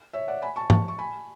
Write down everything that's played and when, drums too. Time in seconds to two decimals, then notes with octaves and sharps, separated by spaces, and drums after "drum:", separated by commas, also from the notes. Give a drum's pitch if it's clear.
0.13 C#5 E5
0.28 D5 F#5
0.42 G#5 B5
0.56 A5 C#6
0.70 A5 C#6, drum: tom G#2
0.88 C#6
0.99 G#5 B5